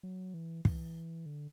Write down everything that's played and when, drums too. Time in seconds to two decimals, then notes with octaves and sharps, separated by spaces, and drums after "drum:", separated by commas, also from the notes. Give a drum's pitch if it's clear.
0.03 F#3
0.34 E3
0.65 E3, drum: kick
1.26 D3